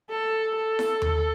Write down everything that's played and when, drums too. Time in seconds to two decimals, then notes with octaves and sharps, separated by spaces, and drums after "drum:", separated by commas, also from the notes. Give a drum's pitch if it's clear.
0.10 A4
0.56 A4
0.79 drum: snare E4
1.02 drum: tom D#2